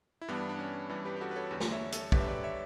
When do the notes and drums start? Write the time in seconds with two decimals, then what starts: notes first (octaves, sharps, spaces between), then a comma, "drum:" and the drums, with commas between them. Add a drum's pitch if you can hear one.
0.21 E4
0.28 G2 E3 G3 B3 D4
0.49 D4
0.59 C#4
0.89 G2 E3 G3
1.05 G4 B4
1.16 G4
1.21 F#4 A4
1.31 B4
1.36 A4 C#5
1.51 E2 D3 G3
1.60 drum: snare
1.71 C#5 E5
1.92 A4 C#5, drum: hi-hat
2.12 E2 D3 G3 G4 B4, drum: kick
2.20 E5
2.28 B4 D5
2.43 C#5 E5